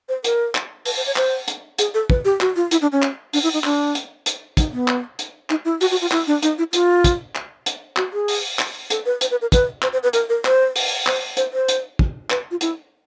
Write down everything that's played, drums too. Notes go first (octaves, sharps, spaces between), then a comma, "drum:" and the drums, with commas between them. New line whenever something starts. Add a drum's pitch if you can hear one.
C5
A#4, drum: hi-hat
drum: clap
B4, drum: open hi-hat
C5
C#5
C5, drum: clap
drum: hi-hat
G#4, drum: hi-hat
A4
B4, drum: kick
G4
F#4, drum: clap
F4
E4, drum: hi-hat
D4
C#4
drum: clap
D4, drum: open hi-hat
E4
D#4
D4, drum: clap
drum: hi-hat
drum: hi-hat
D#4, drum: kick, hi-hat
B3
drum: clap
drum: hi-hat
D#4, drum: clap
E4
F#4, drum: open hi-hat
F#4
F4
E4, drum: clap
D4
D#4, drum: hi-hat
E4
F4, drum: hi-hat
drum: kick, hi-hat
drum: clap
drum: hi-hat
F#4, drum: clap
G#4
drum: open hi-hat
drum: clap
A4, drum: hi-hat
B4
C5, drum: hi-hat
B4
A#4
B4, drum: kick, hi-hat
C5, drum: clap
C5
B4
A#4, drum: hi-hat
A#4
C5, drum: clap
drum: open hi-hat
C5, drum: clap
C5, drum: hi-hat
C5
drum: hi-hat
drum: kick
B4, drum: clap
F4
E4, drum: hi-hat